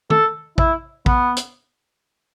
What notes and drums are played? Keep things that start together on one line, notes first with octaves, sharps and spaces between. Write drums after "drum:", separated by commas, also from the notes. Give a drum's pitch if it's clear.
A4, drum: tom
E4, drum: kick
B3, drum: kick
drum: hi-hat